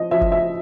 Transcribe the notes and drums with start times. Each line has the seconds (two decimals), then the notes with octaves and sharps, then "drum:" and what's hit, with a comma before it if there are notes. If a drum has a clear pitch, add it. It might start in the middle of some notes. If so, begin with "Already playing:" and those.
Already playing: F3 D#5
0.11 F3 E5
0.21 drum: kick F#1
0.32 E5